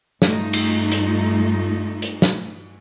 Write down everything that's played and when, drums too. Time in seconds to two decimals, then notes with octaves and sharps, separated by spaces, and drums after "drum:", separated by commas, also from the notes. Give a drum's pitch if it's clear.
0.22 G2 A3 D#4 F4, drum: snare
0.53 drum: cymbal
0.92 drum: hi-hat
2.02 drum: hi-hat
2.22 drum: snare